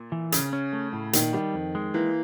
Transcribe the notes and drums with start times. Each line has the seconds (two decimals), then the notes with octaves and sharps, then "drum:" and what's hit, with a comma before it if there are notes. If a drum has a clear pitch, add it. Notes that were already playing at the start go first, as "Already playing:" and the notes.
Already playing: A#2
0.12 E3
0.32 C#3 C#4, drum: hi-hat
0.53 C#4
0.73 A3
0.93 A2
1.13 A#2 D#3, drum: hi-hat
1.33 D#3 G3
1.54 F2
1.75 G#3
1.94 E3 A#3